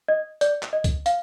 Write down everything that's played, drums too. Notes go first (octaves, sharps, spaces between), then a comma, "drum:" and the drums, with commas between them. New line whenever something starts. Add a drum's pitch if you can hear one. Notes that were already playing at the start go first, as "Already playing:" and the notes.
D#5
D5, drum: hi-hat
drum: clap
D#5
drum: kick, hi-hat
F5, drum: hi-hat